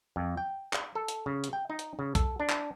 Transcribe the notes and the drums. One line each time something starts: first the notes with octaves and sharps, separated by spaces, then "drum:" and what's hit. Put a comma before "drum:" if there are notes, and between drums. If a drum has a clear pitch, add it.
F2
G5
drum: clap
A4
drum: hi-hat
C#3
drum: hi-hat
G5
D#4
drum: hi-hat
C#3
A4, drum: kick, hi-hat
D4
drum: clap